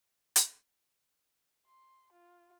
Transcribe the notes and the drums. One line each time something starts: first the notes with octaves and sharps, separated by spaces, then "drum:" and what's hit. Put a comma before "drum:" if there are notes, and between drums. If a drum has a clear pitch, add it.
drum: hi-hat
C6
F4